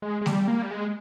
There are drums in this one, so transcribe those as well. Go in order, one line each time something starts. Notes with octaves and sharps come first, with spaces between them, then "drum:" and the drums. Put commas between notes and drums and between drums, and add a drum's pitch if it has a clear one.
G#3
G#3
G3, drum: snare A3
A#3
G3
G#3